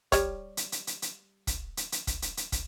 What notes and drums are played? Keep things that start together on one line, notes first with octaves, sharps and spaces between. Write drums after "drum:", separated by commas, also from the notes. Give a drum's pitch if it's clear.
G3 C#5, drum: kick, hi-hat
drum: hi-hat
drum: hi-hat
drum: hi-hat
drum: hi-hat
drum: kick, hi-hat
drum: hi-hat
drum: hi-hat
drum: kick, hi-hat
drum: hi-hat
drum: hi-hat
drum: kick, hi-hat